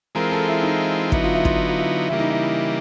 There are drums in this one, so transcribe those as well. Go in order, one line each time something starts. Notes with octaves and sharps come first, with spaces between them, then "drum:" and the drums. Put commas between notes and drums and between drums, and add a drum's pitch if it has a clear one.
E3 G#3 C4 F4 A#4
A4
E4
D#4
D3 F#3 B3 D#4 E4, drum: kick
F4
E4
F4, drum: kick
E4
F4
E4
C#3 E3 G3 A#3 E4
D#4
E4